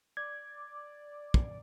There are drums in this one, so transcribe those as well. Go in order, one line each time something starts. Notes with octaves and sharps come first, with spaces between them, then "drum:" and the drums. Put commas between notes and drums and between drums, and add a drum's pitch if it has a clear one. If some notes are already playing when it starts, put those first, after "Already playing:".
D5 G#6
drum: kick